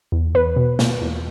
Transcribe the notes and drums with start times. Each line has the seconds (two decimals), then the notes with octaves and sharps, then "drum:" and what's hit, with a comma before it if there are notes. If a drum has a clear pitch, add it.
0.12 E2
0.35 E2 B4
0.56 B2
0.79 B2, drum: snare
1.01 E2